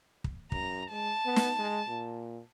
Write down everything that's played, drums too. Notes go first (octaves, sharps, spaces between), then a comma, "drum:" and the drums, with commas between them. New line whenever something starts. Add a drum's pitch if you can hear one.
drum: kick
F#2 A#5, drum: kick
G#3 A5
B3
drum: snare
G#3
A#2